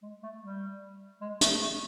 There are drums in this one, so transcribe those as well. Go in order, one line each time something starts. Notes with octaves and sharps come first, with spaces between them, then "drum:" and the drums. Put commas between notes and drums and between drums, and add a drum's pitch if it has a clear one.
G#3
A3
G3
G#3
A3, drum: hi-hat
A3